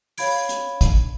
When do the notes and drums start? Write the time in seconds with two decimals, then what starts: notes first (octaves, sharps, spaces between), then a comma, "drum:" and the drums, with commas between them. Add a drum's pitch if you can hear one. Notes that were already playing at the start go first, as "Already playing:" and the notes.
0.18 C#5 F5 B5 G#6 D7, drum: open hi-hat
0.49 drum: hi-hat
0.81 drum: kick, hi-hat